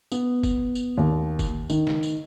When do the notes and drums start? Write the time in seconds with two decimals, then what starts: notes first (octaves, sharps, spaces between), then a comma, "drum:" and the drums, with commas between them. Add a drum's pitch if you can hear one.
0.12 B3, drum: tambourine
0.43 drum: kick F1, tambourine
0.75 drum: tambourine
0.97 D#2
1.39 drum: kick F1, tambourine
1.70 D#3, drum: tambourine
1.87 drum: snare
2.03 drum: tambourine